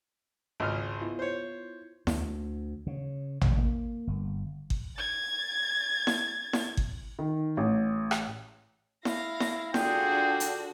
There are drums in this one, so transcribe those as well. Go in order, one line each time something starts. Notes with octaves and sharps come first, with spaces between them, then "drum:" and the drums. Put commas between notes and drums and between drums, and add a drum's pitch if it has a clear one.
G#1 C#2 F6
B3 E4 F4
C5 C#5
D2, drum: snare E4
C#3
F1, drum: tom
A#3
G1
drum: kick G1
G#6 A6
drum: snare E4
drum: snare E4
drum: kick G1
D#3
A1
drum: rim click
E4 F5 A#6, drum: snare E4
drum: snare E4
D3 D4 F4 F#4 G#4 G5, drum: snare E4
drum: hi-hat